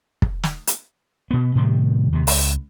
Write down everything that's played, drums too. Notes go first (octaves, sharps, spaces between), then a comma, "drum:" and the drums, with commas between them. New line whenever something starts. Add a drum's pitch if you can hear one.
drum: kick
drum: snare
drum: hi-hat
B2 B3
A2 C3 D#3 G3
D#2 C3
C#2, drum: open hi-hat